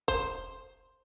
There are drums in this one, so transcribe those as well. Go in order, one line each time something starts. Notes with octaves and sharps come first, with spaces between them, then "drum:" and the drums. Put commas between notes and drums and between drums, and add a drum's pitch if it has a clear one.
C5, drum: kick E1